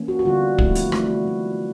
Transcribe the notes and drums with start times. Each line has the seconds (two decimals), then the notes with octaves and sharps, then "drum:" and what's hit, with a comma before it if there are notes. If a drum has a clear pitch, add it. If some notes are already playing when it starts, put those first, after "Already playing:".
Already playing: E3 A#3 C#4
0.08 F#4
0.19 F#4
0.25 D3 G3 B3 D4 F4
0.58 F3 A3 C4 E4, drum: kick
0.75 drum: hi-hat
0.92 E3 A3 D4 E4, drum: rim click
1.09 F#4
1.26 F#3 A3 D4
1.51 F4